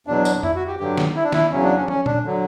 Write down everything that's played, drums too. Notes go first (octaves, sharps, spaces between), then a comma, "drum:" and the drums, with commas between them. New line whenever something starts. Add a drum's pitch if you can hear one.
E2 B2 F#3 D4
drum: tambourine
E4, drum: tom F2
F#4
G4
G2 D3 F#3 G4
drum: snare
E4
D4
E4, drum: snare
E2 C#3 F#3 C#4
D4
C#4
C#4, drum: tom
D4, drum: tom A#2
D3 F#3